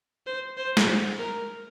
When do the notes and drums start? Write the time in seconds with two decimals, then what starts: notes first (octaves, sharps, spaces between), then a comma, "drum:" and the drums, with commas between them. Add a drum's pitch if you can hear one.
0.27 C5
0.58 C5
0.77 drum: snare
1.19 A#4